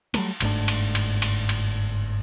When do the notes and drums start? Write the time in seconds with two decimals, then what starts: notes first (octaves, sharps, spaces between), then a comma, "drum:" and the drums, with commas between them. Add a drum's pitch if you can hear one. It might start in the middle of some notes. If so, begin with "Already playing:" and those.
0.14 F#3 G3 A3 A#3, drum: cymbal
0.40 G1 G#2 A3 D4, drum: cymbal
0.68 drum: cymbal
0.95 drum: cymbal
1.22 drum: cymbal
1.49 drum: cymbal